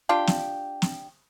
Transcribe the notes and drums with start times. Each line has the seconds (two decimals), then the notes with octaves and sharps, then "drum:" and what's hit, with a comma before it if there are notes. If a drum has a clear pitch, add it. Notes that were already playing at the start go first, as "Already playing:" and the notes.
0.09 D4 F4 G4
0.27 drum: snare
0.82 drum: snare